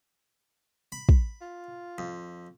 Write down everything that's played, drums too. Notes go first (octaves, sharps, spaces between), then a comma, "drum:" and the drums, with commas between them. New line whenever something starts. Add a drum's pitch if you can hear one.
B5
drum: kick
F4
F2